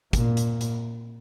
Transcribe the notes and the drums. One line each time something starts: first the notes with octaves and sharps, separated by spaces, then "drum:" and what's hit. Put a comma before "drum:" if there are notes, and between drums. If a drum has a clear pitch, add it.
A#2, drum: kick, hi-hat
drum: hi-hat
drum: hi-hat